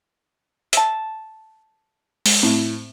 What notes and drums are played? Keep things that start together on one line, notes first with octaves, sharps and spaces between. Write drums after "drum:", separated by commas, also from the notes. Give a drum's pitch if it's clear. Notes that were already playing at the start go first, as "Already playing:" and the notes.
E5 A5, drum: hi-hat
G#3, drum: open hi-hat
A2 C4